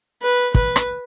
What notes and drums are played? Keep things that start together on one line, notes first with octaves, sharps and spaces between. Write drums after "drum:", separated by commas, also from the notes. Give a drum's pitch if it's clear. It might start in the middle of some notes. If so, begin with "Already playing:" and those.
B4
B4, drum: kick
drum: rim click